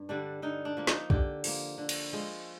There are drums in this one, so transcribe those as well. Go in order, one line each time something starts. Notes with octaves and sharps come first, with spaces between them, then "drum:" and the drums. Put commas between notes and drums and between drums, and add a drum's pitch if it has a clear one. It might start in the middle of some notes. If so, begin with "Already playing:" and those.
Already playing: G2
D3 G3 D4
D3 D#4
D4
F3 A#3
D#4, drum: snare
D3 G4, drum: kick
F3 A#3, drum: open hi-hat
D3
drum: cymbal
F3 G#3